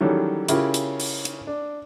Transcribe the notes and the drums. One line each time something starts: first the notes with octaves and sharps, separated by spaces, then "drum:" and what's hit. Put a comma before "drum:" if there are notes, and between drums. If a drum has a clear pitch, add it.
D#3 E3 F#3 G3 C#4 A4
C#3 C#4 E4 F4 G4 A#4, drum: hi-hat
drum: hi-hat
drum: open hi-hat
drum: hi-hat
D4